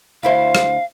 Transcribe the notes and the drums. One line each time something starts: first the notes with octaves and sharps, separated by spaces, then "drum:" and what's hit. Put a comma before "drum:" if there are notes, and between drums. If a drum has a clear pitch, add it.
D2 E4 C5 F5
drum: rim click